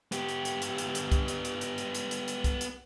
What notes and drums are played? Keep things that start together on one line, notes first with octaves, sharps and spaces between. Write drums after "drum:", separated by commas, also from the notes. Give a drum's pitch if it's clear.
B3 G4, drum: hi-hat
drum: hi-hat
drum: hi-hat
drum: hi-hat
drum: hi-hat
drum: hi-hat
drum: kick C2, hi-hat
drum: hi-hat
drum: hi-hat
drum: hi-hat
drum: hi-hat
drum: hi-hat
drum: hi-hat
drum: hi-hat
drum: kick C2, hi-hat
drum: hi-hat